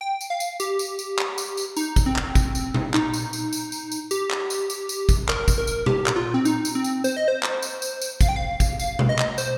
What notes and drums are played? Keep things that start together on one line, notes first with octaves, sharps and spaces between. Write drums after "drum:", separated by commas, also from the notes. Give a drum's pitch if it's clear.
G5
drum: tambourine
F5
drum: tambourine
G4, drum: tambourine
drum: tambourine
drum: tambourine
drum: clap
drum: tambourine
drum: tambourine
D#4, drum: tambourine
drum: kick, tambourine
C4
drum: clap
drum: kick, tambourine
drum: tambourine
drum: tom A#2
D#4, drum: clap
drum: tambourine
drum: tambourine
drum: tambourine
drum: tambourine
drum: tambourine
G4, drum: tambourine
drum: clap
drum: tambourine
drum: tambourine
drum: tambourine
drum: kick, tambourine
A#4, drum: clap
drum: kick, tambourine
A#4
drum: tambourine
G4, drum: tom A#2
drum: clap
F4
C4
D#4, drum: tambourine
drum: tambourine
C4
drum: tambourine
C5, drum: tambourine
D#5
C5
drum: clap
drum: tambourine
drum: tambourine
drum: tambourine
F5, drum: kick, tambourine
G5
F5
drum: kick, tambourine
F5, drum: tambourine
drum: tom B2
D#5
drum: clap
C5, drum: tambourine